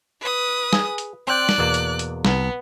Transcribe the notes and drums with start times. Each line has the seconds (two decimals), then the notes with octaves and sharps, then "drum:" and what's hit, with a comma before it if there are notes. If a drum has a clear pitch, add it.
0.21 B4 D#6
0.73 G#4, drum: snare
0.98 drum: hi-hat
1.27 C4 D5 G5 F#6
1.49 drum: snare
1.58 E2 B2 A#3
1.74 drum: hi-hat
1.99 drum: hi-hat
2.25 C2 B3, drum: snare